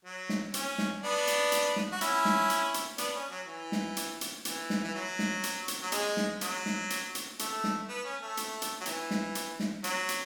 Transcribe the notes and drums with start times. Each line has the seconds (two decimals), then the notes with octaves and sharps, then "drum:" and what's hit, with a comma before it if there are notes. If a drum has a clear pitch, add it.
0.05 F#3
0.29 drum: snare
0.54 C#4, drum: hi-hat
0.78 drum: snare
1.02 B3 D4
1.27 drum: hi-hat
1.52 drum: hi-hat
1.76 drum: snare
1.92 F#4
2.01 C#4 E4, drum: hi-hat
2.25 drum: snare
2.50 drum: hi-hat
2.74 drum: hi-hat
2.98 B3 D4, drum: hi-hat
3.15 C#4
3.31 F#3
3.47 E3
3.72 drum: snare
3.97 drum: hi-hat
4.21 drum: hi-hat
4.45 E3, drum: hi-hat
4.70 drum: snare
4.83 E3
4.95 F#3
5.19 drum: snare
5.43 drum: hi-hat
5.68 drum: hi-hat
5.82 F#3
5.92 G#3, drum: hi-hat
6.17 drum: snare
6.41 F#3, drum: hi-hat
6.66 drum: snare
6.90 drum: hi-hat
7.15 drum: hi-hat
7.39 A3, drum: hi-hat
7.64 drum: snare
7.89 B3
8.05 C#4
8.21 A3
8.37 drum: hi-hat
8.62 drum: hi-hat
8.81 F#3
8.86 E3, drum: hi-hat
9.11 drum: snare
9.35 drum: hi-hat
9.60 drum: snare
9.84 F#3, drum: hi-hat
10.09 drum: hi-hat